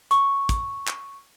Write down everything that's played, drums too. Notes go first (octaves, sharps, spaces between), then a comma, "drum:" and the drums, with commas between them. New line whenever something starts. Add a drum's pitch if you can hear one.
C#6, drum: hi-hat
drum: kick, hi-hat
drum: clap